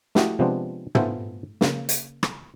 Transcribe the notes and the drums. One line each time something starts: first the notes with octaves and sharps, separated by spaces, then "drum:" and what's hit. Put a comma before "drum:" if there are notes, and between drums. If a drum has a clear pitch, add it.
A3 E4 F#4 G4 D#5 F5, drum: snare
C3 F3 G#3 B3 C4 D4
B3 F4 A4 C5 E5 G#5, drum: tom
C#3 A#3, drum: snare
drum: hi-hat
drum: rim click